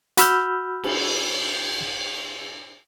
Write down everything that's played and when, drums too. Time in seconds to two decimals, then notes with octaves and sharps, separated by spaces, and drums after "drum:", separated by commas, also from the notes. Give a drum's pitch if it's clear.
0.17 F#4 B5 E6 F6 G6, drum: hi-hat
0.83 drum: cymbal